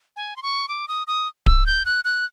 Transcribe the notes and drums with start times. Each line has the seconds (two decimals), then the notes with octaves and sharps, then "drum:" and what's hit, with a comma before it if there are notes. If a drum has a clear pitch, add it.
0.16 G#5
0.36 C6
0.43 C#6
0.68 D6
0.88 D#6
1.07 D#6
1.46 E6, drum: kick D1
1.66 G6
1.85 F#6
2.05 F#6